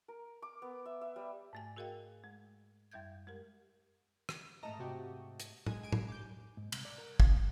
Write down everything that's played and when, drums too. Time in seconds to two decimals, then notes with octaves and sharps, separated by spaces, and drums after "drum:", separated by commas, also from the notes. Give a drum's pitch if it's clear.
0.08 A#4
0.42 D6
0.62 B3
0.86 E5
1.01 E5
1.16 G3
1.53 G#2 A3 G#5
1.76 F#4 G#4 A#4 D#5 F5 G5
2.24 G#3
2.92 F#2 G3 E5 G6 G#6
3.27 G#3 G4 A#4
4.29 drum: rim click
4.63 G#2 A3 D#5 A5 A#5
4.79 C3 F#4 G4
5.40 drum: hi-hat
5.67 G#3 G#5, drum: tom
5.83 G#5 D7
5.92 drum: tom
6.08 D6 G6
6.57 G#2
6.72 C2, drum: cymbal
6.85 D5
6.98 A#4
7.20 C#3, drum: kick
7.36 G2